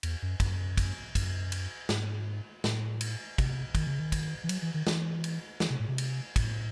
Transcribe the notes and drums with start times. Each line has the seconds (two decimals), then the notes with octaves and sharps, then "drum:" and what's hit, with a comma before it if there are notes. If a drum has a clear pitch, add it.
0.03 E2, drum: cymbal
0.22 F#2
0.40 F#2, drum: kick, cymbal
0.77 drum: kick, cymbal
1.15 F#2, drum: kick, cymbal
1.52 drum: cymbal
1.89 G#2, drum: snare
2.64 A2, drum: snare
3.01 drum: cymbal
3.38 C3, drum: kick, cymbal
3.75 D#3, drum: kick, cymbal
3.87 C#3
3.99 D#3
4.12 drum: kick, cymbal
4.44 E3
4.49 F#3, drum: cymbal
4.62 E3
4.74 D#3
4.87 E3, drum: snare
5.24 drum: cymbal
5.60 E3, drum: snare
5.70 C3
5.80 A2
5.88 C3
5.98 drum: cymbal
6.36 A2, drum: kick, cymbal